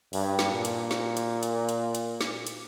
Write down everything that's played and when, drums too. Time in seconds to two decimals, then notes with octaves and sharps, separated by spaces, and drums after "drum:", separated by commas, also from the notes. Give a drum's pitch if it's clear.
0.13 G2, drum: open hi-hat
0.39 drum: snare
0.52 A#2
0.65 drum: hi-hat
0.91 drum: snare
1.17 drum: hi-hat
1.43 drum: hi-hat
1.69 drum: hi-hat
1.95 drum: hi-hat
2.21 drum: snare
2.47 drum: hi-hat